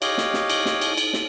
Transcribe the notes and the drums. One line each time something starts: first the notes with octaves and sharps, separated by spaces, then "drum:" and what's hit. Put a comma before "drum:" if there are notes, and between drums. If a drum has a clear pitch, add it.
G4 C#5 D#5 F5, drum: cymbal
drum: snare
drum: snare
drum: cymbal
drum: snare
drum: cymbal
drum: cymbal
drum: snare